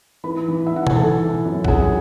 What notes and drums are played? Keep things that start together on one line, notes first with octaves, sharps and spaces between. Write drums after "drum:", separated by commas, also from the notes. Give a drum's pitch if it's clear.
E3 B4 B5
E3
E5
E3 F#5
G#5, drum: tom
E3 A4 A5
E3
F#2
F#5, drum: kick
F#2 G#4 G#5